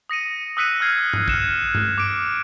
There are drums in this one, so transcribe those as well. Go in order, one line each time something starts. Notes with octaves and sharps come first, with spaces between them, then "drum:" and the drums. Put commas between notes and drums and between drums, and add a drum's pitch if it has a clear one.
D#6 A#6 C#7 D#7
D#6 E6 F#6 B6 C#7 D#7
E6 F6 G#6 C7
F#6, drum: tom G2
F6 F#6 G#6 C#7 E7, drum: kick
drum: tom G2
D6 D7